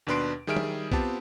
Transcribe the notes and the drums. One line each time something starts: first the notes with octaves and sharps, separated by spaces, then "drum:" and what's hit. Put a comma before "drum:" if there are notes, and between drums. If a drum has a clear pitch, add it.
D#2 B2 D4 B4 C6 D7
D#3 G3 G#4 E5 F6 D7
drum: tom
B3 C4 F4 G4 A5, drum: kick B1